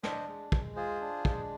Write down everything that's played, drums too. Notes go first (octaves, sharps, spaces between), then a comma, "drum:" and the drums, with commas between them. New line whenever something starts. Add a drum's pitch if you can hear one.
D4 C5 D#5, drum: snare
G#3
G#3, drum: kick
F4 G#4 C5
D4
G#3, drum: kick